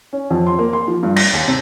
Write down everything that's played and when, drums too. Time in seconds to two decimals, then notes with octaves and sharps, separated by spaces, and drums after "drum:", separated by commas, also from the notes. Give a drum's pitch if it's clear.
0.13 C#4
0.30 F2
0.47 C6
0.59 A#3
0.73 C6
0.88 F3
1.03 G2
1.16 A#6, drum: cymbal
1.33 D#2
1.48 C3